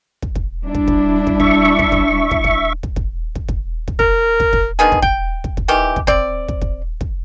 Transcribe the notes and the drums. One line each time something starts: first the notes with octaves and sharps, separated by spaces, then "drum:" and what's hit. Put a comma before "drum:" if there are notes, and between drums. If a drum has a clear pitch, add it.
drum: kick
drum: kick
G3 D4 E4
drum: kick
drum: kick
drum: kick
E5 C#6, drum: kick
drum: kick
drum: kick
drum: kick
drum: kick
drum: kick
drum: kick
drum: kick
drum: kick
drum: kick
A#4, drum: kick
drum: kick
drum: kick
D3 D#3 B3 G#4
drum: kick
G5, drum: kick
drum: kick
drum: kick
D#3 E3 G4
drum: kick
C4 D5, drum: kick
drum: kick
drum: kick
drum: kick